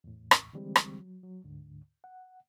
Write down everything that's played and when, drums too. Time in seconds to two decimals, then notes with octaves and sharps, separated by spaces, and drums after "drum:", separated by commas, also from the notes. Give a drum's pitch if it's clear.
0.04 E2 A2
0.31 drum: rim click
0.53 D3 E3 G3 G#3 C4 G4
0.76 drum: rim click
1.00 F#3
1.23 F#3
1.44 D2 G#2 D3
2.04 F#5